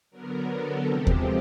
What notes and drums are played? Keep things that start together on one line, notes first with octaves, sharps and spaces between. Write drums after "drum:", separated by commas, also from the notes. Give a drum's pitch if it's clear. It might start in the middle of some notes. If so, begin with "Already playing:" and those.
D3 F#3 B3 A#4
A4
C3 F3 G#3 C4 G4
drum: kick D#2